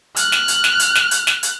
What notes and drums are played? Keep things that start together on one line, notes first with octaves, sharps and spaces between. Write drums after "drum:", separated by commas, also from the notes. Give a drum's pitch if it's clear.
F6 F#6, drum: hi-hat
drum: snare
drum: hi-hat
drum: snare
drum: hi-hat
drum: snare
drum: hi-hat
drum: snare
drum: hi-hat